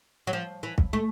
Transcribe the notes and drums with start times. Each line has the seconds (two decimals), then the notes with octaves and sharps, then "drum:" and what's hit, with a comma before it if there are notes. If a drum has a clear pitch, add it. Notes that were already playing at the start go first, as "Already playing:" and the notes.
0.27 F#3
0.33 F3
0.63 E3
0.78 drum: kick
0.93 A3